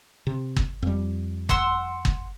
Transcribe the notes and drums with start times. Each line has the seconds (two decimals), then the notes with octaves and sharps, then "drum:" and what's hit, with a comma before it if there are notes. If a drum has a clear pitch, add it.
0.27 C3
0.56 drum: kick
0.82 F2 G3
1.49 F#5 C6 E6, drum: kick
2.05 drum: kick